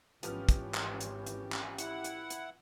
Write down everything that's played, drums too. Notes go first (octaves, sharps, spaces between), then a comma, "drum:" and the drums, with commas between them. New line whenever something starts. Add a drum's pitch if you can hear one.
G#1 E3 F3 B3 C#4 G4 F6, drum: hi-hat
drum: kick, hi-hat
drum: clap
drum: hi-hat
drum: hi-hat
drum: clap
E4 F#5, drum: hi-hat
drum: hi-hat
drum: hi-hat